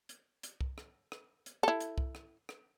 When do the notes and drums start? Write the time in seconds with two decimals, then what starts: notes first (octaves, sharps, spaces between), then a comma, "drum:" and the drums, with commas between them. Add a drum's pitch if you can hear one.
0.09 drum: hi-hat
0.43 drum: hi-hat
0.61 drum: kick C2
0.78 drum: rim click
1.12 drum: rim click
1.46 drum: hi-hat
1.63 E4 A4
1.80 drum: hi-hat
1.98 drum: kick C2
2.15 drum: rim click
2.49 drum: rim click